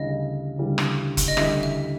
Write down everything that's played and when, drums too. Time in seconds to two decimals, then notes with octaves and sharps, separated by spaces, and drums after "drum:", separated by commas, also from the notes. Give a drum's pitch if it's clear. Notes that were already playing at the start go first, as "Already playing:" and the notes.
Already playing: D2 C#3 E3 G3 D#5
0.58 D2 C#3 E3 G3
0.78 drum: rim click
1.17 drum: kick E1, hi-hat
1.28 D#5
1.37 D2 C#3 E3 G3 E5, drum: rim click
1.63 E5